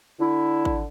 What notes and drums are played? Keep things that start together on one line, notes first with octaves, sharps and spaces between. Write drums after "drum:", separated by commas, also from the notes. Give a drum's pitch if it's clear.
D3 E4
drum: kick G#1